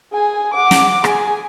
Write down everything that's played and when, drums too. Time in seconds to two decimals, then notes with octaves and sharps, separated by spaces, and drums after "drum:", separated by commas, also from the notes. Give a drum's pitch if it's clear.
0.13 G#4 G#5
0.54 F#5 D6
0.71 drum: snare
1.04 G#4 G#5, drum: rim click